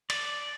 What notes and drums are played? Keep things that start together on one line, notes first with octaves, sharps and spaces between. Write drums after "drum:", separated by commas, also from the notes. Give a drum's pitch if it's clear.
D5, drum: cymbal